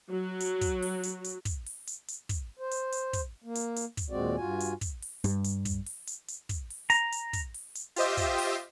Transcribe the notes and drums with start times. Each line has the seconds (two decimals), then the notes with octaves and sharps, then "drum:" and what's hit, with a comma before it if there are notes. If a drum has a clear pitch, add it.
0.10 F#3
0.40 drum: hi-hat
0.61 drum: kick, hi-hat
0.82 drum: open hi-hat
1.03 drum: hi-hat
1.24 drum: hi-hat
1.45 drum: kick, hi-hat
1.66 drum: open hi-hat
1.87 drum: hi-hat
2.08 drum: hi-hat
2.29 drum: kick, hi-hat
2.59 C5
2.71 drum: hi-hat
2.92 drum: hi-hat
3.13 drum: kick, hi-hat
3.44 A#3
3.55 drum: hi-hat
3.76 drum: hi-hat
3.97 drum: kick, hi-hat
4.10 D#2 A#2 G#3 C4 F#4 D5
4.37 G2 F4 F#4 G#5
4.60 drum: hi-hat
4.81 drum: kick, hi-hat
5.02 drum: open hi-hat
5.24 G2, drum: hi-hat
5.44 drum: hi-hat
5.65 drum: kick, hi-hat
5.86 drum: open hi-hat
6.07 drum: hi-hat
6.28 drum: hi-hat
6.49 drum: kick, hi-hat
6.70 drum: open hi-hat
6.90 A#5, drum: hi-hat
7.12 drum: hi-hat
7.33 drum: kick, hi-hat
7.54 drum: open hi-hat
7.75 drum: hi-hat
7.96 F4 G4 C5 D#5 E5, drum: hi-hat
8.17 drum: kick, hi-hat
8.38 drum: open hi-hat